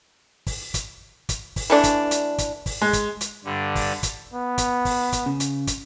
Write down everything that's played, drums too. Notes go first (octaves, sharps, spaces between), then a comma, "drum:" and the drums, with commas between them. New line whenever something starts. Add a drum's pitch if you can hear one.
drum: kick, open hi-hat
drum: kick, hi-hat
drum: kick, hi-hat
drum: kick, open hi-hat
E3 A3 D4
drum: kick, hi-hat
drum: hi-hat
drum: kick, hi-hat
drum: kick, open hi-hat
G#3
drum: kick, hi-hat
drum: hi-hat
G2 D3
drum: kick, open hi-hat
drum: kick, hi-hat
B3
drum: kick, hi-hat
drum: kick, open hi-hat
drum: kick, hi-hat
C#3
drum: hi-hat
drum: kick, hi-hat